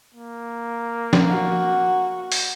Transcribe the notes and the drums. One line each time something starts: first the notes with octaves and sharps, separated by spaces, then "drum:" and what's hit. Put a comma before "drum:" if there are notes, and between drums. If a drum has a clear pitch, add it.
A#3
drum: snare
F#4
drum: open hi-hat